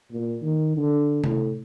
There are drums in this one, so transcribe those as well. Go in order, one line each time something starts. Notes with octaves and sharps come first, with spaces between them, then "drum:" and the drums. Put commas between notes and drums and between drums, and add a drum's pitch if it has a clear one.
A#2
D#3
D3
A2, drum: tom C3